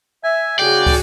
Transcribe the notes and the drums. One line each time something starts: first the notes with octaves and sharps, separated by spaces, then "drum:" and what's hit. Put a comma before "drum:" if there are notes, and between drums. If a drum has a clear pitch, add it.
E5 G#5
C#3 F#4 G#4 D5 G5
drum: kick, open hi-hat